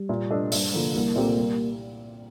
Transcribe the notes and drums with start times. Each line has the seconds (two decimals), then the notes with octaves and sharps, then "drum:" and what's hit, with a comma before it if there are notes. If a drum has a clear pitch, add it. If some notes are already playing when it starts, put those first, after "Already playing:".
Already playing: G3
0.09 A#2
0.30 A3 D4 A4 D#5
0.52 G2, drum: open hi-hat
0.73 D3 F3 A#3
0.94 C2 A#3
1.16 A#2 A3 C4 G4
1.37 G3